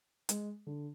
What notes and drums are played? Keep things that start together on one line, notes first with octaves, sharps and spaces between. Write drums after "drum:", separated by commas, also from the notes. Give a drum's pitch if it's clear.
G#3, drum: hi-hat
D3